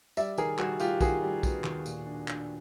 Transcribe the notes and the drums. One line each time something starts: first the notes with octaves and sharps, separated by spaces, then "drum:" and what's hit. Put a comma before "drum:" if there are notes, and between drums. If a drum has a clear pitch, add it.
G3 D5 E5, drum: tambourine
D#3 G#4 A#4, drum: tambourine
G3 F#4 G#4, drum: clap
G3 F4 G4, drum: tambourine
D#3 F#4 G#4, drum: kick, tambourine
G3
B3, drum: kick, tambourine
D#2, drum: clap
A#2, drum: tambourine
D4
D4, drum: clap